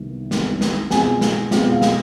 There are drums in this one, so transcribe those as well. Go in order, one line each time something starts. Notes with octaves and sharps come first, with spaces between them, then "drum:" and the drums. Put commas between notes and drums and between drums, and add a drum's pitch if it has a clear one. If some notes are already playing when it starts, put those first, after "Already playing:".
Already playing: C2 C3 D#3 B3
C2 C3 D#3 B3, drum: snare
drum: snare
B2 G#3 C4 F4 G#5, drum: snare
drum: snare
B2 G#3 C4 F4, drum: snare
F5
drum: snare